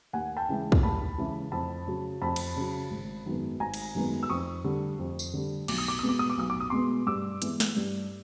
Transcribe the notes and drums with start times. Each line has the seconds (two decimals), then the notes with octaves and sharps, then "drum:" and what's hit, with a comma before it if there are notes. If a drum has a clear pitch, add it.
0.13 D#2 F#5 G#5
0.37 G5 A5
0.49 C#3 E3 G#3
0.72 drum: kick
0.83 D#2 A5 B5
1.18 C#3 E3 G#3
1.52 F2 A5 B5
1.87 C#3 F#3
2.22 F2 A5 B5
2.36 drum: cymbal
2.56 C#3 F#3
2.91 G#1
3.26 F#2 D#3 G#3 B3
3.60 G#1 G#5 A#5
3.74 drum: cymbal
3.95 F#2 D#3 G#3 B3
4.23 E6
4.30 F2 C#6 D#6
4.64 D3 G3
4.99 F2
5.19 drum: tambourine
5.33 D3 G3
5.68 B1 D6, drum: cymbal
5.78 D#6
5.88 D6
5.99 B2 G#3 B3 D#6
6.09 D6
6.19 D#6
6.30 D6
6.38 B1 D#6
6.50 D6
6.60 D#6
6.70 B2 G#3 B3 C6 D6
7.07 G2 D6 E6
7.42 E3 G#3 B3, drum: hi-hat
7.60 drum: snare
7.76 G2